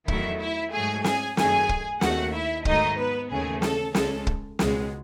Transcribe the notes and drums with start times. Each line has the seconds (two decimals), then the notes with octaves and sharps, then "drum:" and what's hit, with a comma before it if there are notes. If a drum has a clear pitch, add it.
0.08 E2 D#3 F#3 A3 E4 E5, drum: kick
0.40 E4 E5
0.72 G#2 F#3 A3 G#4 G#5
1.04 G#4 G#5, drum: snare
1.37 F#2 D#3 A3 G#4 G#5, drum: snare
1.69 drum: kick
2.01 D#2 D#3 A3 F#4 F#5, drum: snare
2.34 E4 E5
2.65 G#2 D#3 F#3 A3 D#4 D#5, drum: kick
2.98 B3 B4
3.30 D#2 C#3 E3 A3 G#4
3.62 A4, drum: snare
3.95 C#2 C#3 G#3 A4, drum: snare
4.27 drum: kick
4.59 C#2 B2 G#3, drum: snare